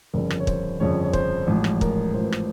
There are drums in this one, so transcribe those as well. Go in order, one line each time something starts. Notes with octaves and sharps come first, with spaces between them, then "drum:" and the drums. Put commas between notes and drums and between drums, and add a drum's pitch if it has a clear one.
G1 F2 C#3 F3 A#4
drum: rim click
C#5
C5, drum: kick
G1 F2 C#3 F3 C#5
C#5
C5, drum: kick
A1 G#2 F3
drum: rim click
A#4, drum: kick
A1 G#2 F3 C5
B4
A#4, drum: rim click